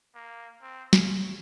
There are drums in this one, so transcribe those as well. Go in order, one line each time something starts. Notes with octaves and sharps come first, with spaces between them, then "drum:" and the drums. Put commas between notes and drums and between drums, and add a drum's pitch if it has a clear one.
A#3
C4
C#4, drum: snare